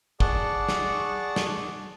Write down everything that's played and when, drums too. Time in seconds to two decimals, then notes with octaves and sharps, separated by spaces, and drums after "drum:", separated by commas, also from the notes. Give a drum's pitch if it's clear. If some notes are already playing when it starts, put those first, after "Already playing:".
0.20 G#4 D5 F#5 A5 C#6, drum: kick
0.69 drum: snare
1.36 drum: snare